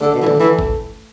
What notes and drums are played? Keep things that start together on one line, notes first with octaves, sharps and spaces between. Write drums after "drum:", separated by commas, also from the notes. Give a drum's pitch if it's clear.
D3 A3
B2
E3
D3, drum: tom D3
E3
drum: kick G1